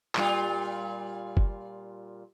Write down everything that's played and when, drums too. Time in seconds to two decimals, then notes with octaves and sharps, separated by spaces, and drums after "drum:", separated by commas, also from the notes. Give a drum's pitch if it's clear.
0.15 A#2 G3 F4, drum: clap
1.37 drum: kick F#1